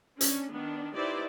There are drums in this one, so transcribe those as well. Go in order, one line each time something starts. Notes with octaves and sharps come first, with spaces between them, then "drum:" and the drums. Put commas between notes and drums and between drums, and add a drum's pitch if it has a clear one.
C#4 D4, drum: hi-hat
D#3 B3 D4
D#4 E4 G4 B4 C5 D5